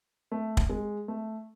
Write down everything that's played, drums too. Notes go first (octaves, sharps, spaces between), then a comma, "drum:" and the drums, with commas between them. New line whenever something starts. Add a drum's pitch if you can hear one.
A3
drum: kick
G#3
A3